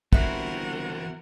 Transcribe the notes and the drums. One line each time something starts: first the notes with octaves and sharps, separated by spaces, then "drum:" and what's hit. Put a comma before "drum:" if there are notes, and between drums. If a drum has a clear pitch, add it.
G1 E3 C4 E4 F#4 A#4 F#5, drum: kick